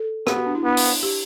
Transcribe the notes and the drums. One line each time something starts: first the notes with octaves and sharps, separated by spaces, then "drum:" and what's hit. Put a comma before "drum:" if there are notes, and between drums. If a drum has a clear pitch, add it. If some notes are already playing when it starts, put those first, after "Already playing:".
Already playing: A4
B3 G4, drum: rim click
F#4
D4
E4
B3 D4
drum: open hi-hat
G4